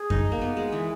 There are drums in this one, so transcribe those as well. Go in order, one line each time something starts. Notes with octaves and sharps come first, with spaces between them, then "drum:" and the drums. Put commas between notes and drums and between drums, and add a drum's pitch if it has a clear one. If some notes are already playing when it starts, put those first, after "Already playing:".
Already playing: G#4
D#4, drum: kick F#2
A#3
B3
G#3
E3